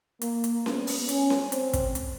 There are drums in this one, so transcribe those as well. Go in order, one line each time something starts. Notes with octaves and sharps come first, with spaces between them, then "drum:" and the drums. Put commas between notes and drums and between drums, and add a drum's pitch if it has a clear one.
A#3, drum: hi-hat
drum: hi-hat
B3, drum: snare C#4
drum: open hi-hat
C#4, drum: hi-hat
drum: snare C#4
C4, drum: hi-hat
drum: kick, hi-hat
drum: hi-hat